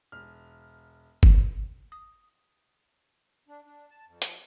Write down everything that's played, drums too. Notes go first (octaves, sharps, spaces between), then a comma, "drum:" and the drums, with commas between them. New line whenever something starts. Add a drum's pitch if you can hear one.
E1 F6
drum: kick G1
D#6
D4
D4
A5
F2
F3, drum: hi-hat